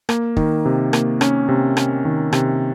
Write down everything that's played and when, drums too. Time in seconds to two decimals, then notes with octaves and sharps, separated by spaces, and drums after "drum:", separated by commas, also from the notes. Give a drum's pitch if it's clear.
0.09 A#3, drum: rim click
0.37 D#3, drum: kick
0.65 C3
0.93 A#3, drum: rim click
1.21 C#4, drum: rim click
1.49 C3
1.77 C#4, drum: rim click
2.05 D#3
2.33 C3, drum: rim click